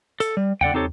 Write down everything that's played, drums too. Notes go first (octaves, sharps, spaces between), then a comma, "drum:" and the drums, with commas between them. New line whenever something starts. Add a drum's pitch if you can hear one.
A4, drum: hi-hat
G3
D3 D5 F#5 G5, drum: tom E2
C4 D#4 G4 A4 C#5